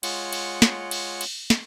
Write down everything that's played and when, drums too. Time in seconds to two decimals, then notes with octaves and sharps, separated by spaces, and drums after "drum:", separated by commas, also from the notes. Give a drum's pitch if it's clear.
0.03 G#3 F4 C#5 F#5, drum: cymbal
0.33 drum: cymbal
0.62 drum: snare
0.91 drum: cymbal
1.21 drum: cymbal
1.50 drum: snare